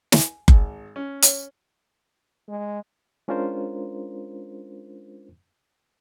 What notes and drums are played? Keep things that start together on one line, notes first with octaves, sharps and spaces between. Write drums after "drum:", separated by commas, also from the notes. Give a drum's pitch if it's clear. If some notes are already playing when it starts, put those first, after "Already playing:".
G#5, drum: snare
G#1, drum: kick F#1
C#4
C#5, drum: hi-hat
G#3
G#3 C#4 D4 F4 A#4 C5